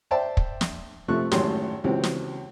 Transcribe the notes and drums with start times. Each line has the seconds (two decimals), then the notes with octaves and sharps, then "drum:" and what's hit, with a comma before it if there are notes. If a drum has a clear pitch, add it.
0.11 C5 D5 E5 G5 A5
0.37 drum: kick
0.61 drum: snare
1.08 C3 F3 A3 C#6 F#6
1.32 G#1 F#2 A2 G4 C6, drum: snare
1.84 C#2 E3 F#3 C4 G4
2.04 drum: snare